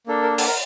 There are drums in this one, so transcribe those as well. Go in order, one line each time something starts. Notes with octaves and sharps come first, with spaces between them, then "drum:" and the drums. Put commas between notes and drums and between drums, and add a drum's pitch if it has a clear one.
A#3 D4 A4
A#4
A4, drum: open hi-hat
A#4